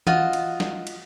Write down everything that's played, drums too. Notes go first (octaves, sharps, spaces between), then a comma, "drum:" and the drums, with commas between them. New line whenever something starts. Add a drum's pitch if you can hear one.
F4 F#4 D#5, drum: tom E3
drum: cymbal
drum: snare
drum: cymbal